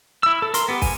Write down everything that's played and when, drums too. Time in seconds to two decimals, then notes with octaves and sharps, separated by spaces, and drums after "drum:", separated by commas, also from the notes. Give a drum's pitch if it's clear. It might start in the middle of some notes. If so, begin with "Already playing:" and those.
0.23 E4 E6
0.42 A4
0.54 A#4 C6, drum: hi-hat
0.68 B3 G4
0.82 G#5, drum: kick, open hi-hat